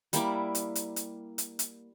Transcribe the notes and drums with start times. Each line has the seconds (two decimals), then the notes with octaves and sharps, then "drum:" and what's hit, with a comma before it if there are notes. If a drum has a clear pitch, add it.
0.13 G3 A#3 E4 D6, drum: hi-hat
0.55 drum: hi-hat
0.75 drum: hi-hat
0.96 drum: hi-hat
1.38 drum: hi-hat
1.59 drum: hi-hat